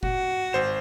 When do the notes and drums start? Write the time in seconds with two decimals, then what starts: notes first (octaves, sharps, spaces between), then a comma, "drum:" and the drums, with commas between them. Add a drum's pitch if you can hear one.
0.03 F#4, drum: kick F1
0.53 G#1 C5 E7